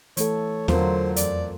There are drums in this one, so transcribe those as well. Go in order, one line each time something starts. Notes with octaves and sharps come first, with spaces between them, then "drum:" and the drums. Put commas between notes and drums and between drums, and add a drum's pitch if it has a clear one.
E3 A3 A4 C#5, drum: hi-hat
E2 D3 F#3 F4 A#4 C5, drum: snare C4
F2 D5, drum: hi-hat